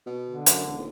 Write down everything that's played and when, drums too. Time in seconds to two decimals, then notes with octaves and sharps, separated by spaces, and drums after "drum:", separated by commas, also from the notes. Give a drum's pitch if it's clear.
0.06 B2
0.31 D3
0.46 F#2, drum: hi-hat
0.64 E1
0.77 D#1